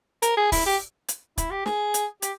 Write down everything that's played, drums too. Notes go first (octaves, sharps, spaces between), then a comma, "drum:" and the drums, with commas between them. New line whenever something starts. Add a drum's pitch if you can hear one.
A#4, drum: hi-hat
G#4
E4, drum: kick, open hi-hat
G4
drum: hi-hat
E4, drum: kick, hi-hat
G4
G#4, drum: snare
drum: hi-hat
G4, drum: hi-hat